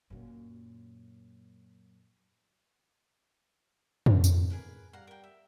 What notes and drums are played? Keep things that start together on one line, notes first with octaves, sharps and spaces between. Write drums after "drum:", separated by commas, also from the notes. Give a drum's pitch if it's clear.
F#2 A#2
drum: tom
A2, drum: tambourine
G#4 A#4 B4
G3 F5 F#5 A#5
A#4 G5
E5